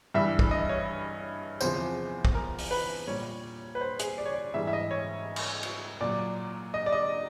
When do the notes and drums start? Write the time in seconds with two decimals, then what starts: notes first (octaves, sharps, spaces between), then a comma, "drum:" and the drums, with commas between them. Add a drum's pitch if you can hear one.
0.14 G2 E3 G3 E5
0.39 drum: kick
0.51 D#5
0.69 C#5
1.61 E2 C3 F3 C5, drum: tambourine
2.25 drum: kick
2.34 A#4
2.58 drum: open hi-hat
2.71 B4
3.07 A#2 G3 C#5
3.75 B4
3.81 C5
3.99 G#4, drum: hi-hat
4.18 D5
4.26 C#5
4.34 D5
4.54 G#2 E3 G3 E5
4.67 E5
4.73 D#5
4.91 C#5
5.36 drum: cymbal
5.63 drum: cymbal
6.01 A#2 F#3 D5
6.74 D#5
6.86 D5
6.92 D#5